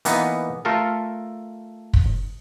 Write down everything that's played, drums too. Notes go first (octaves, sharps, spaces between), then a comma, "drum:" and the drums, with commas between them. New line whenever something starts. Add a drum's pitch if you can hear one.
E3 A#3 B3 D#4, drum: hi-hat
A3 F4 A4 A#4
drum: kick